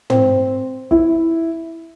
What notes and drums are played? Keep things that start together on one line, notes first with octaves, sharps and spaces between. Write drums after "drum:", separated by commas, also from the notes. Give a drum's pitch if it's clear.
C4, drum: tom
E4, drum: kick